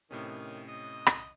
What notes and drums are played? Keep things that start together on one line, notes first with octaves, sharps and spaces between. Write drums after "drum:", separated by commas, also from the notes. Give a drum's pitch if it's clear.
A2 C3 D#3 C#4
D#5
drum: rim click